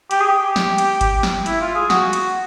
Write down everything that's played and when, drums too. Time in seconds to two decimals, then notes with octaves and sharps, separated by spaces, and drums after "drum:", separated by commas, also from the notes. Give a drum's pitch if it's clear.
0.11 G4, drum: hi-hat
0.20 G#4
0.28 G4
0.56 drum: snare
0.78 drum: hi-hat
1.01 drum: kick G1, hi-hat
1.23 drum: snare
1.46 E4, drum: hi-hat
1.61 F4
1.75 G#4
1.90 F#4, drum: snare
2.13 drum: hi-hat